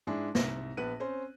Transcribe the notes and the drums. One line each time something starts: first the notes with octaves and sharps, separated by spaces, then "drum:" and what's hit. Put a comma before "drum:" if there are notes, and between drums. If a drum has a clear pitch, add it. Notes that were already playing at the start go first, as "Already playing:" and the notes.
G#2 G#3 D4 E4
C2 G#2 A#6, drum: snare
A#1 B3 B4 F#6 D#7
C4 C#4 C5